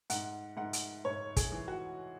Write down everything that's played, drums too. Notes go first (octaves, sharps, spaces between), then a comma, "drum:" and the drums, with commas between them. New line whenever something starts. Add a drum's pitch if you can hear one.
G#2 F#5, drum: hi-hat
G#2 F#5
drum: hi-hat
G#2 C#5
G#4, drum: kick, hi-hat
E3
F#4